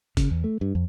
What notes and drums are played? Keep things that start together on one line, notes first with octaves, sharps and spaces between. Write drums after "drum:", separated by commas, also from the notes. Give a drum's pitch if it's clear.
C#3, drum: kick, hi-hat
E2
A3
G2
F2